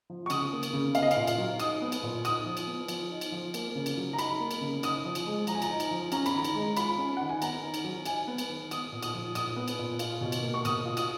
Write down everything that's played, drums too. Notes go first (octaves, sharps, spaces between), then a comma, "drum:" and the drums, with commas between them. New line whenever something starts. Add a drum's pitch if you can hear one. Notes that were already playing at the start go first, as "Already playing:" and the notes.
F3
C#6
C#3 D#6, drum: cymbal
A#3
drum: cymbal
C#3
B3 F5, drum: cymbal
D#5
F5, drum: cymbal
A#2
drum: cymbal
F#3
D#4 D#6, drum: cymbal
B3
drum: cymbal
A#2
D#4 D#6, drum: cymbal
F3
drum: cymbal
B3
F3, drum: cymbal
D#4
drum: cymbal
F3
A#3, drum: cymbal
C#3
drum: cymbal
F#3
A#5
D#4 B5, drum: cymbal
A#3
drum: cymbal
C#3
D#4 D#6, drum: cymbal
F3
drum: cymbal
G#3
F3 A#5, drum: cymbal
G#5
A#5, drum: cymbal
D#4
drum: cymbal
F3
C#4 A#5, drum: cymbal
B5, drum: cymbal
D#3 A#5
drum: cymbal
G#3
F4 B5, drum: cymbal
C#4
D#3 F#5
G#5
B3 A#5, drum: cymbal
D#3
drum: cymbal
F#3
D#4 G#5, drum: cymbal
B3
drum: cymbal
D#3
B3 D#6, drum: cymbal
A#2
D#6, drum: cymbal
F3
A#2 D#6, drum: cymbal
B3
drum: cymbal
A#2
F4, drum: cymbal
B2
drum: cymbal
A#3
C#6
B2 D#6, drum: cymbal
F4
D#6, drum: cymbal